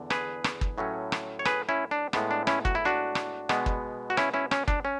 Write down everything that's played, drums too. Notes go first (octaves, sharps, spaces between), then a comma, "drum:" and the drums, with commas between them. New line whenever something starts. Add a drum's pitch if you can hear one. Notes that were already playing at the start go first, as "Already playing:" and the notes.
Already playing: E2 D3
G#4 B4, drum: rim click
drum: rim click
drum: kick
A2 F#3 A3 C#4
drum: rim click
C#5
G#4 B4, drum: rim click
C#4 E4
D4
A2 G#3 B3, drum: rim click
D4
C#4 E4, drum: rim click
F#4, drum: kick
E4
D4 F#4
drum: rim click
B2 G#3 B3, drum: rim click
drum: kick
F#4
C#4 E4, drum: rim click
C#4 E4
C#4, drum: rim click
D4, drum: kick
C#4